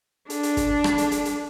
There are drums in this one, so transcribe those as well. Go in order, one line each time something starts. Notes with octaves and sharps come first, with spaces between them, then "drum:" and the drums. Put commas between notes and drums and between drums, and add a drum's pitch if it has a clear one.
D4, drum: hi-hat
drum: hi-hat
drum: kick, hi-hat
drum: rim click
drum: hi-hat
drum: hi-hat
drum: hi-hat